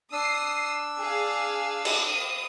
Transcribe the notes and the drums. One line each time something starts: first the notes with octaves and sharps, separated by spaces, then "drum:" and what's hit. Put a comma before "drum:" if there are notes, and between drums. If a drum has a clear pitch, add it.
D4 D#6 E6 C7
G#4 F5
D#6, drum: cymbal